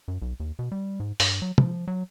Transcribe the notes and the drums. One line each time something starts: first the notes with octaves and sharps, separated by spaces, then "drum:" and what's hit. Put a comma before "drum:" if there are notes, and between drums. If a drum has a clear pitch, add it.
F#2
B1
D#2
B2
G3
G#2
G2, drum: open hi-hat
F#3
F3, drum: tom
F#3